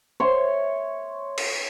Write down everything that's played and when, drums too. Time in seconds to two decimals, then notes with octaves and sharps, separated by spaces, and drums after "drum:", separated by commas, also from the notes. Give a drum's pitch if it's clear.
0.20 C#5 E5 C6
1.38 drum: cymbal